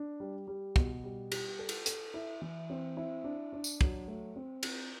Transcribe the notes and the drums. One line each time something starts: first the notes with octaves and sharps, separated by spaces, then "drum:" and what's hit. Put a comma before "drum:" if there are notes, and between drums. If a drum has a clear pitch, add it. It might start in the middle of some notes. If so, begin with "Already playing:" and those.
Already playing: D4
G3
G3
B2, drum: kick
G3
G4, drum: cymbal
A4
drum: cymbal
A4, drum: hi-hat
E4
E3
C4
E4
D4
D4
drum: tambourine
F#3, drum: kick
A3
C4
C4, drum: cymbal